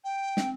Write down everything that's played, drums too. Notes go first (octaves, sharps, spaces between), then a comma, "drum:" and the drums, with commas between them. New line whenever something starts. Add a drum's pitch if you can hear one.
G5
C4, drum: snare